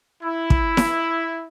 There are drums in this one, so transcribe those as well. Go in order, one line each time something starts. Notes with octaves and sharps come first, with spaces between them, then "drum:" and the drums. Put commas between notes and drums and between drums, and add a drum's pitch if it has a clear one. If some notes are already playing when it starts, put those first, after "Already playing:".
E4
drum: kick
drum: snare E4